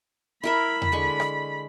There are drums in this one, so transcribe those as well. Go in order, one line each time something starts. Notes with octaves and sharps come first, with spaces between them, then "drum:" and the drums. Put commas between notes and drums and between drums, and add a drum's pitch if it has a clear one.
E4 A#4 E5 B5
drum: tom E2
D3 G#3 C#6
drum: rim click